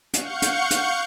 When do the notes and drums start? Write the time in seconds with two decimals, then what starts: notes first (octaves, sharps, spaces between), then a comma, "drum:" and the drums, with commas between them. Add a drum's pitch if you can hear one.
0.13 F5 F#5 C#6 G6 C#7, drum: hi-hat
0.42 drum: hi-hat
0.71 drum: hi-hat